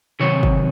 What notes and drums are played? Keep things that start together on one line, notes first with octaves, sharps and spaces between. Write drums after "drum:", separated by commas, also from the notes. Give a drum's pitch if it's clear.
C3 D#3 F#3 C#5
drum: kick